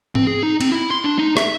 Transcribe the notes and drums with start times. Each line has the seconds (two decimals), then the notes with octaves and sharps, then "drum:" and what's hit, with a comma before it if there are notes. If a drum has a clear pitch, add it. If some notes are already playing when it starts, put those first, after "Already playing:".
0.15 C4, drum: tom G#2
0.27 G#4
0.43 D#4
0.61 C4, drum: cymbal
0.72 E4
0.91 C6
1.04 D4
1.19 D#4
1.37 E5, drum: rim click